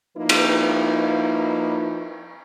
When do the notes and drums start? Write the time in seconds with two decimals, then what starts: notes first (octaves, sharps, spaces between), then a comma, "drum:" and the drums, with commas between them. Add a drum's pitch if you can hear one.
0.17 F3 A#3 D#4 E4 B4
0.29 drum: cymbal